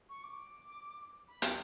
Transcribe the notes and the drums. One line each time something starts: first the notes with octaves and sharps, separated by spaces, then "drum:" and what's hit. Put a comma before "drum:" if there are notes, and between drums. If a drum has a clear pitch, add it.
C#6
D6
B5
G5, drum: hi-hat